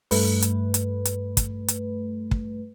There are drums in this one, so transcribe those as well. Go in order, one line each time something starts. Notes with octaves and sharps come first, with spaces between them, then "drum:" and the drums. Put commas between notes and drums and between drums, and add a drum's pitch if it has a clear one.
G2 A3 B4, drum: open hi-hat
drum: hi-hat
drum: hi-hat
drum: hi-hat
drum: kick, hi-hat
drum: hi-hat
drum: kick